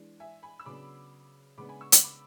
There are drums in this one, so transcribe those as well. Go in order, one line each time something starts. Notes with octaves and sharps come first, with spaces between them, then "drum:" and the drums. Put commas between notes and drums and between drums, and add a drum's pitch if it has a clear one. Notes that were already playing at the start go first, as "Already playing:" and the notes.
Already playing: E3 G#3 D4
E5 G#5
G#5 B5
E6
C#3 F#3 B3 D4 B5 D6
C#3 G#3 B3 D4 B5 D6
G#5 B5
C#6 E6
C#6 E6, drum: hi-hat
B5 D6